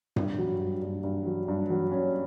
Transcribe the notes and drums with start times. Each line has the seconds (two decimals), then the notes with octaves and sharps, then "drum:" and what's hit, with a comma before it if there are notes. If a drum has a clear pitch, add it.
0.16 G2, drum: tom G2
0.38 F#3
0.60 G2
0.82 G2
1.04 G2
1.26 F#3
1.48 G2
1.70 F#3
1.92 C#4